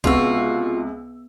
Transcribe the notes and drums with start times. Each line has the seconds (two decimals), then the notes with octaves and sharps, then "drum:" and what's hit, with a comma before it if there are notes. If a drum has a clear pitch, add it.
0.04 C#2 C3 B3 F4 F#4 B4 E6, drum: kick